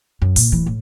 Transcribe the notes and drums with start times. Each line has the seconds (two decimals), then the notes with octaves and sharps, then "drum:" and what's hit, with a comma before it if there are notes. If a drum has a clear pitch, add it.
0.22 F#2
0.36 A#2, drum: open hi-hat
0.52 D1 E3
0.66 A2